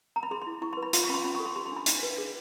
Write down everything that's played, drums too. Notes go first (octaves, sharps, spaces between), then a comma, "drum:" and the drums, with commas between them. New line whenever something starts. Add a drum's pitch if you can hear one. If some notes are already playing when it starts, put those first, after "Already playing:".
A#5
B5
G#4 C6
C6
E4
E4 C#6
C6
B4
B5
F4 C6, drum: hi-hat
C#6
C#4 B5
C6
C#4 B5
C#6
A4
C6
G4 C6
C6
D4 B5
D4, drum: hi-hat
B4
G#4